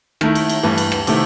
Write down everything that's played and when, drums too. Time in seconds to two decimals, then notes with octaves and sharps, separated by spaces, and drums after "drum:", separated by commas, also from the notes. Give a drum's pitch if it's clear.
0.21 D#3 A3 E4, drum: rim click
0.35 drum: cymbal
0.49 drum: cymbal
0.63 G2 E3 A3
0.78 drum: cymbal
0.92 drum: rim click
1.07 C3 D#3 A3 E4, drum: cymbal